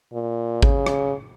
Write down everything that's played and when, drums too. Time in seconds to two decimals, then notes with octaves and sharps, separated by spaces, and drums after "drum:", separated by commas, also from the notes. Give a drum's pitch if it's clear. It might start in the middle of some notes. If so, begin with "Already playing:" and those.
0.13 A#2
0.62 C#3, drum: kick G#1
0.86 drum: rim click